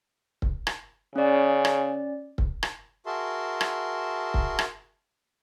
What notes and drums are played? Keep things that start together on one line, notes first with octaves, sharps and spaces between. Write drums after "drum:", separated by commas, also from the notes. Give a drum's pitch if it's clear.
drum: kick C#1
drum: rim click
C#3 C#4 D5
drum: rim click
drum: kick C#1
drum: rim click
F#4 G#4 A#4 E5 A5 C6
drum: rim click
drum: kick C#1
drum: rim click